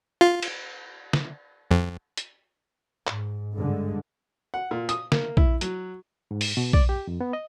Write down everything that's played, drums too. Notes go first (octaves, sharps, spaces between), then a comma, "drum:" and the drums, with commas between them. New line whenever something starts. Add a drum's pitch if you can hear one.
F4
drum: cymbal
drum: snare
F2
drum: hi-hat
G#2, drum: clap
G2 D3 G#3
F#5
A#2
D#6, drum: hi-hat
A#3, drum: snare
E4, drum: kick A#1
F#3, drum: hi-hat
G#2
drum: open hi-hat
B2
D5, drum: kick A#1
G4
F2
B3
D#5